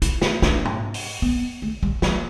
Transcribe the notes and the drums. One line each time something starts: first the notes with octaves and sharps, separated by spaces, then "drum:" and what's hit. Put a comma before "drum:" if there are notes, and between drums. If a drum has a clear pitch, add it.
E4, drum: hi-hat
drum: snare
D4, drum: snare
drum: tom G#2
drum: open hi-hat
B3
A3
G3
F#3, drum: snare